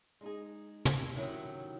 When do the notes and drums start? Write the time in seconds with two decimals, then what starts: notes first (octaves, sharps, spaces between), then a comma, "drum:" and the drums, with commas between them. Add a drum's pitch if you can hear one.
0.21 G#3 D#4 G#4
0.85 drum: tom
1.16 C3 D#3 F#3 C#4 E4